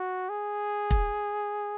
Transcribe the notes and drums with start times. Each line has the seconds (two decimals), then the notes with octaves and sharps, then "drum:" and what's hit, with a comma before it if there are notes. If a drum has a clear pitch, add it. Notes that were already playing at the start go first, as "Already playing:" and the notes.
Already playing: F#4
0.29 G#4
0.91 drum: kick